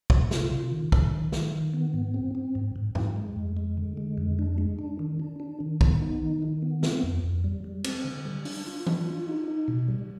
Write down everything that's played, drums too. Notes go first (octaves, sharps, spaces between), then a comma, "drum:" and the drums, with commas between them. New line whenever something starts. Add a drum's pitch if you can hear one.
C3, drum: kick
F4, drum: snare
C3
D#3
D#3, drum: kick
D#3
D#3, drum: snare
D#3
B3
G#2
C4
C4
G#2
G#2
G#2, drum: tom E2
G#3
F2
G#3
D3
G#3
F2
D4
G#3
D4
D#3
D4
D4
D#3
B3, drum: kick
D#4
D#3
D#3
B3
C4, drum: snare
F2
F2
G3
G3
C4, drum: cymbal
D3
G3
D4, drum: open hi-hat
F4
D4, drum: tom E3
F4
D#4
D#4
B2
G3